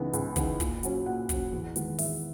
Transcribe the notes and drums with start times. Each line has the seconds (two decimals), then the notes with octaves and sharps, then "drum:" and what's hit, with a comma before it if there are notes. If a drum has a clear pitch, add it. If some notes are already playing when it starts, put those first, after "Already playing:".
Already playing: C#2 C#3 E3 B3 D#4
0.13 C#2, drum: hi-hat
0.36 C#3 E3 B3 D#4, drum: kick, hi-hat
0.60 A#2, drum: kick, hi-hat
0.83 F#3 C#4, drum: hi-hat
1.06 A#2 F#5
1.29 F#3 C#4, drum: kick, hi-hat
1.53 E2
1.76 D#3 G#3 B3, drum: hi-hat
1.99 E2 E5, drum: open hi-hat